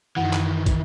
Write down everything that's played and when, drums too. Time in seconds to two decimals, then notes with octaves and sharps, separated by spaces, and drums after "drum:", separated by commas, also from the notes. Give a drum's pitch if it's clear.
0.16 F#2 D#3 E3 F#5
0.33 drum: clap
0.66 drum: kick, hi-hat